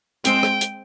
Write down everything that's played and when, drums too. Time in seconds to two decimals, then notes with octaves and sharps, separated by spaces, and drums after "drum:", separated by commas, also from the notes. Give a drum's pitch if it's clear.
0.25 G#3 C4 G5, drum: hi-hat
0.43 drum: rim click
0.61 drum: hi-hat